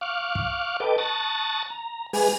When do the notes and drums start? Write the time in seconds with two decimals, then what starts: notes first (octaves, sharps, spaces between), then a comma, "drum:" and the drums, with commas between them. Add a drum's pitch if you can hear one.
0.01 F5 C#6 D6 F6 F#6
0.35 drum: kick
0.80 A4 B4 D#5 G5 D6
0.98 A5 C#6 D#6 F#6 A6 A#6
1.70 A#5
2.13 G#3 G#4 B4 G#5, drum: open hi-hat